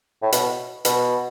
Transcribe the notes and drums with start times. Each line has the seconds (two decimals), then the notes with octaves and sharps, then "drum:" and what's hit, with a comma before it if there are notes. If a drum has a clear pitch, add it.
0.22 A2
0.32 B2, drum: hi-hat
0.85 B2, drum: hi-hat